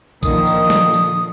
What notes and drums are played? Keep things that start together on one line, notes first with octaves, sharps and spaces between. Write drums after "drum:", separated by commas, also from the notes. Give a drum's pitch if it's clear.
A#2 D3 D#3 F3 D#6, drum: kick A#1, tambourine
drum: tambourine
drum: snare
drum: tambourine